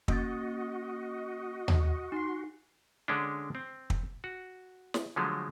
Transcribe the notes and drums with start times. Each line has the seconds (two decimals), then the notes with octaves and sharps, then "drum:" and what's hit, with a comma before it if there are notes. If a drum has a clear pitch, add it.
0.08 A#3 C#4 F#4 D#5 A6, drum: kick
1.68 drum: tom D#2
2.12 D#4 C6 C7
3.08 D3 G#3 C#4 D4
3.55 C4
3.90 drum: kick
4.24 F#4
4.94 drum: snare
5.16 D3 F3 F#3 G#3 A3